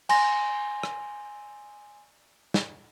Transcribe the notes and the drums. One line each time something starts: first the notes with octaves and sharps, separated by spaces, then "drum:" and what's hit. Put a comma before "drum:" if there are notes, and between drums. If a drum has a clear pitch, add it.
G#5 C6 A#6, drum: cymbal
drum: rim click
drum: snare